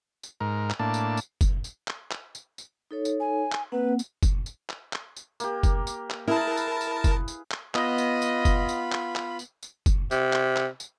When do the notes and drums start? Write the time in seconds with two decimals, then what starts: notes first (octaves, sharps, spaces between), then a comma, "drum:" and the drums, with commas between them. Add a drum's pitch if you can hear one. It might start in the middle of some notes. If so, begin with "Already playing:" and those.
0.23 drum: tambourine
0.40 G#2 A#4
0.70 drum: clap
0.79 A2 A#3 D4 A5
0.94 drum: tambourine
1.17 drum: tambourine
1.41 drum: kick F#1, tambourine
1.64 drum: tambourine
1.88 drum: clap
2.11 drum: clap
2.35 drum: tambourine
2.58 drum: tambourine
2.91 D#4 A4 C#5
3.05 drum: tambourine
3.20 G#5
3.52 drum: clap
3.72 A#3 C4 B4 F#5
3.99 drum: tambourine
4.23 drum: kick F#1, tambourine
4.46 drum: tambourine
4.70 drum: clap
4.93 drum: clap
5.16 drum: tambourine
5.40 A#3 G4, drum: tambourine
5.63 drum: kick F#1, tambourine
5.87 drum: tambourine
6.10 drum: clap
6.28 E4 G#4 A#4 B4 F5 A5
6.57 drum: tambourine
6.81 drum: tambourine
7.04 drum: kick F#1, tambourine
7.28 drum: tambourine
7.51 drum: clap
7.75 B3 F4 D#5 B5, drum: clap
7.98 drum: tambourine
8.22 drum: tambourine
8.45 drum: kick F#1, tambourine
8.69 drum: tambourine
8.92 drum: clap
9.16 drum: clap
9.39 drum: tambourine
9.63 drum: tambourine
9.86 drum: kick F#1, tambourine
10.11 C3, drum: tambourine
10.33 drum: clap
10.56 drum: clap
10.80 drum: tambourine